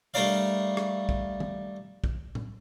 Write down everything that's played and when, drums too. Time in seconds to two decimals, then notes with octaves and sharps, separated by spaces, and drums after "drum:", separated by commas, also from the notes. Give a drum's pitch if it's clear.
0.14 G3 A3 D4 A#4 D5 F5
0.77 drum: rim click
1.09 drum: kick
1.40 drum: tom D#3
2.04 drum: kick
2.35 drum: tom A2